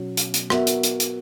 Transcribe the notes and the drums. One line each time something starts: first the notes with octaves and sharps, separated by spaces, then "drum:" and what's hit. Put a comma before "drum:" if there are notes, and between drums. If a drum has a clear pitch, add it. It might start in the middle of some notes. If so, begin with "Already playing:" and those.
Already playing: B2 F#3 C#4
drum: hi-hat
drum: hi-hat
B3 F#4 A#4 E5, drum: rim click
drum: hi-hat
drum: hi-hat
drum: hi-hat